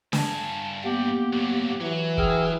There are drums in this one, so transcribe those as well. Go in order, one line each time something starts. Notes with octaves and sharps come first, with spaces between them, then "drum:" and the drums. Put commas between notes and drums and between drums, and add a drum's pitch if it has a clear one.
G2 G#5 A5, drum: snare
A#3 B3 G4
G2 F#3
E3 F#3
G#4 G5 E6 F6, drum: kick